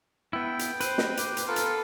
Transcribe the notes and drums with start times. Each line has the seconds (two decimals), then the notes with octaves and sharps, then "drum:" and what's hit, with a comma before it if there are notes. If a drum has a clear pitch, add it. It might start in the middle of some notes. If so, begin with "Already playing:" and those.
0.33 B3 E4 G5
0.59 drum: hi-hat
0.80 B4 C5, drum: hi-hat
0.98 drum: snare
1.17 G4, drum: hi-hat
1.37 drum: hi-hat
1.47 B3 F4 A4 A#4 C6 D6
1.56 drum: hi-hat